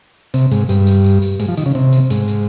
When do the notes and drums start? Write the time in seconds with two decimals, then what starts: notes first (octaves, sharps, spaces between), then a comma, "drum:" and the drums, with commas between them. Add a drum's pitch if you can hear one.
0.34 C3, drum: tambourine
0.51 G#2, drum: tambourine
0.69 G2, drum: tambourine
0.87 drum: tambourine
1.04 drum: tambourine
1.22 drum: tambourine
1.40 G#2, drum: tambourine
1.49 F3
1.57 D#3, drum: tambourine
1.66 C#3
1.75 C3
1.93 drum: tambourine
2.10 G#2, drum: tambourine
2.28 drum: tambourine